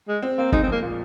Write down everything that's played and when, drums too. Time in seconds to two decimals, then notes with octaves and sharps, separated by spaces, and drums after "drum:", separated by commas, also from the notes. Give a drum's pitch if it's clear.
0.08 G#3
0.22 C4
0.38 A#3 C4
0.52 G#3 D#4, drum: kick
0.63 C4
0.67 F2
0.72 A#3
0.82 A#2